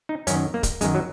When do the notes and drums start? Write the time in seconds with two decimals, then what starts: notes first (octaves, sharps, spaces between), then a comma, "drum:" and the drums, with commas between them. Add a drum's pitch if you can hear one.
0.09 D#4
0.27 F#2 D#3 C#4, drum: hi-hat
0.54 A#3
0.63 drum: kick D1, hi-hat
0.81 F#2 D#3 G#3, drum: hi-hat
0.95 F#3